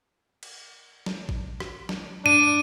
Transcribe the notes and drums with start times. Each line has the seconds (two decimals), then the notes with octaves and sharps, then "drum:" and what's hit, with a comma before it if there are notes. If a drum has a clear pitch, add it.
0.43 drum: cymbal
1.06 drum: snare
1.29 drum: kick
1.60 drum: rim click
1.89 drum: snare
2.26 D4 D#7, drum: tom G2